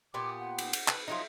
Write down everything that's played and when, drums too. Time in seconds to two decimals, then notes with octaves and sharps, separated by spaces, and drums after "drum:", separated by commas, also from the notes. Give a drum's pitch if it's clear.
0.14 A#2 B3 G4 D6
0.40 F#5
0.58 drum: cymbal
0.73 drum: cymbal
0.88 B4, drum: clap
1.08 F3 F#3 D#4 E5